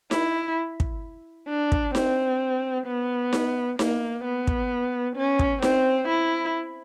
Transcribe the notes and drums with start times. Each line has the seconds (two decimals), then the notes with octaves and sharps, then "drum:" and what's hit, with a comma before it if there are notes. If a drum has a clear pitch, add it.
0.11 E4, drum: snare D#4
0.80 drum: kick
1.49 D4
1.72 drum: kick
1.95 C4, drum: snare D#4
2.87 B3
3.33 drum: snare D#4
3.79 A#3, drum: snare D#4
4.24 B3
4.47 drum: kick
5.16 C#4
5.39 drum: kick
5.62 C4, drum: snare D#4
6.08 E4